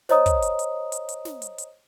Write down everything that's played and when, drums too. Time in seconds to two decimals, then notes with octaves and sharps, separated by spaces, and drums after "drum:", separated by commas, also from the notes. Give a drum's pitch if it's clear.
0.09 C5 C#5 D#5 A#5 D#6, drum: snare
0.26 drum: kick, hi-hat
0.42 drum: hi-hat
0.59 drum: hi-hat
0.92 drum: hi-hat
1.09 drum: hi-hat
1.25 drum: snare
1.42 drum: hi-hat
1.58 drum: hi-hat